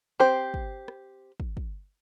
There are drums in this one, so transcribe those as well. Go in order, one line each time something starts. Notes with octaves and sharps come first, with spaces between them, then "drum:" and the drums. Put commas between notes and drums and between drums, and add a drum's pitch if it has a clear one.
C4 G4 C5
drum: kick
drum: rim click
drum: kick
drum: kick